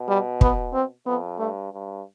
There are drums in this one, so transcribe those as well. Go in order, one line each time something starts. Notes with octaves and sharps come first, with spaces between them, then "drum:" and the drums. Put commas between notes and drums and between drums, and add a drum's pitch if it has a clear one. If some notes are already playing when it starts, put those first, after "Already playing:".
Already playing: B2
G3
B3, drum: kick
C4
F2 B3
G2 A3
G2